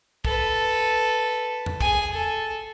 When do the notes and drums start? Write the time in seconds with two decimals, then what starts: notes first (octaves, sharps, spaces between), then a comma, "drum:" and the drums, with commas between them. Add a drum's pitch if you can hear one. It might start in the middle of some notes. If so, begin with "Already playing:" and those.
0.25 A4 B4, drum: kick
1.66 drum: tom E2
1.81 G#4 G#5, drum: kick
2.12 A4